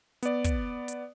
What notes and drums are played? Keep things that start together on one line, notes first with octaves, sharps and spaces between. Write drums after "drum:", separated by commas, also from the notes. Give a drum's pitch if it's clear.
B3 D5, drum: hi-hat
drum: kick, hi-hat
drum: hi-hat